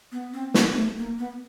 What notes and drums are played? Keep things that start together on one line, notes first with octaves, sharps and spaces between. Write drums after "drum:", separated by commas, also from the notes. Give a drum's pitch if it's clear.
B3
C4
B3, drum: snare
A3
A#3
B3